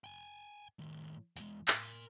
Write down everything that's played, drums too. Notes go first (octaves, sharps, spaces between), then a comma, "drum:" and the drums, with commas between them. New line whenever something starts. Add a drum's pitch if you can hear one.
G5 G#5
A2 D#3
E2 G#3, drum: hi-hat
A#4 C6, drum: clap